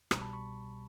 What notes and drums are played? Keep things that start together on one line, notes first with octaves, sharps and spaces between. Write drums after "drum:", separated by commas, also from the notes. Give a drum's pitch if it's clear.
C2 B2 G3 G#5 A#5, drum: rim click
A5 B5
B5 C#6